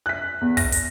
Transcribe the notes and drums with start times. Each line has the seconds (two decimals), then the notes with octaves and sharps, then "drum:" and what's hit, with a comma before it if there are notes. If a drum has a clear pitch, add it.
0.06 F#6 B6
0.41 E2
0.57 A#6, drum: kick, open hi-hat
0.72 drum: hi-hat